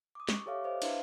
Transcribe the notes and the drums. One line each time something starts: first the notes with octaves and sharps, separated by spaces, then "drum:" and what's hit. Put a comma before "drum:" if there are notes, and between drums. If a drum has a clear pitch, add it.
D6 D#6
C#6, drum: snare
G4 A4 C#5 E5 F5 D6
C5 D#5 F5
D4 E4 B4 E5 F5 C6, drum: cymbal